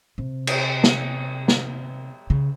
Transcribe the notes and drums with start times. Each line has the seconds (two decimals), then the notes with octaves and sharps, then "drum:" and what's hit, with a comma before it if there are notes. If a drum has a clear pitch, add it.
0.18 C3
0.47 drum: cymbal
0.84 drum: snare
1.48 drum: snare
2.30 C#3